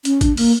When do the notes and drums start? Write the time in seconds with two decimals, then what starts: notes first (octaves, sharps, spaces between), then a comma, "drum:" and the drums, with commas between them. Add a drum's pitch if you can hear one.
0.05 C#4, drum: hi-hat
0.21 D4, drum: kick, hi-hat
0.37 A#3, drum: open hi-hat